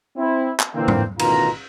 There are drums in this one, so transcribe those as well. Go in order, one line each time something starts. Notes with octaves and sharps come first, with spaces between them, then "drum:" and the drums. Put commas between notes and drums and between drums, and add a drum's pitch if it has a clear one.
C4 E4
drum: clap
A#2 D3 E3 A#3 C4
drum: tom G#2
A1 B2 D#3 F4 A#5, drum: cymbal